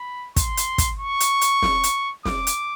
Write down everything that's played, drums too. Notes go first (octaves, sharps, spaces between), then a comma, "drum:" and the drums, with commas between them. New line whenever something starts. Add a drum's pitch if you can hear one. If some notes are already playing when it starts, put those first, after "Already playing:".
Already playing: B5
C6, drum: kick, hi-hat
drum: hi-hat
drum: kick, hi-hat
C#6
drum: hi-hat
drum: hi-hat
drum: snare
drum: hi-hat
D6, drum: snare
drum: hi-hat